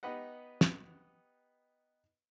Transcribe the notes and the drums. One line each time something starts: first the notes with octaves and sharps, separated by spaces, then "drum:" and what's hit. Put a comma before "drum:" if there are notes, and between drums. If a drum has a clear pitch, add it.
B3 D#4 G4 B4 D#5 F#5
drum: snare